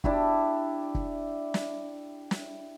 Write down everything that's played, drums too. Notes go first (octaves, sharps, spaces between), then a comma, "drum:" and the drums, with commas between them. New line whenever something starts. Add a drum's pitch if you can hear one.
D4 E4 G4, drum: kick
drum: kick
drum: snare
drum: snare